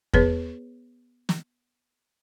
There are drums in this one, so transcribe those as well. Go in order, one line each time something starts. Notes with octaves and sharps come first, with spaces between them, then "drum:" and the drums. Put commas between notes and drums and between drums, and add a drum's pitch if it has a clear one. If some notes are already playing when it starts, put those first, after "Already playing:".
B3 G#4 B4 C#5, drum: kick E2
drum: snare